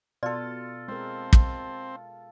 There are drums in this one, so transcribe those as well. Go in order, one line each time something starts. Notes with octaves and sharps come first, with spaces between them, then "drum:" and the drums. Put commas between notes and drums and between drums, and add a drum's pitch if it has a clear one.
B2 F4 A4 D5
G#3 C4 A#4
drum: kick